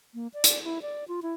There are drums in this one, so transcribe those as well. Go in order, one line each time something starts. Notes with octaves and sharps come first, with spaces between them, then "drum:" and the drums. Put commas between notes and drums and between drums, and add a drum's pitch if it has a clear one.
A#3
D5
drum: hi-hat
E4
D5
F4
E4